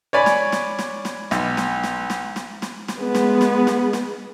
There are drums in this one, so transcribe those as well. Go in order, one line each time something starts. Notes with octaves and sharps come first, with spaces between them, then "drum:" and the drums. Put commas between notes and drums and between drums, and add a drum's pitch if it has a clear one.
C#5 D5 G#5 B5
drum: snare
drum: snare
drum: snare
drum: snare
B1, drum: snare
drum: snare
drum: snare
drum: snare
drum: snare
drum: snare
drum: snare
G#3 B3
drum: snare
drum: snare
drum: snare
drum: snare